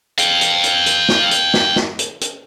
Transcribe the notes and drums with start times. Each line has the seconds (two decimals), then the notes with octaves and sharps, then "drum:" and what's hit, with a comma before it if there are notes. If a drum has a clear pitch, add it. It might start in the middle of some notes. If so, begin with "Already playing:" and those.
0.18 F5 G5, drum: hi-hat
0.41 drum: hi-hat
0.64 drum: hi-hat
0.86 drum: hi-hat
1.09 drum: snare
1.31 drum: hi-hat
1.54 drum: snare
1.76 drum: snare
1.99 drum: hi-hat
2.21 drum: hi-hat